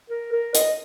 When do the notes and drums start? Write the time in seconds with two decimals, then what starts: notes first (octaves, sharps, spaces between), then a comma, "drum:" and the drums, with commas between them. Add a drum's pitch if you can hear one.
0.10 A#4
0.32 A#4
0.55 D#5, drum: hi-hat